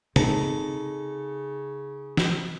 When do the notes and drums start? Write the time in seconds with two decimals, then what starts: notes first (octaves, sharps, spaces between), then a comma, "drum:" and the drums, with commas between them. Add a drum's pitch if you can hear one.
0.16 C#3 C4 D#4 A4, drum: tom
2.17 drum: snare